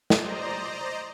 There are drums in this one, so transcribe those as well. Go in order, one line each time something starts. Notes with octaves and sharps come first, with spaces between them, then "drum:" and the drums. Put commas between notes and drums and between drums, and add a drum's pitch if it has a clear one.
C5 D5 D#5 A#5, drum: snare